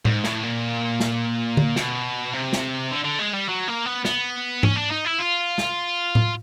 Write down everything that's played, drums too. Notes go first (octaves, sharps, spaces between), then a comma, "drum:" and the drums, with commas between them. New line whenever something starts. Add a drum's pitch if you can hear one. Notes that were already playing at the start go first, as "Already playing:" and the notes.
G#2, drum: tom A2
A2, drum: snare
A#2
drum: snare
drum: tom D3
B2, drum: snare
C3
drum: snare
D3
D3
G#3
G3
F#3
A#3
B3
B3, drum: snare
C#4, drum: tom G#2
D4
D#4
E4
F4
drum: snare
drum: tom A2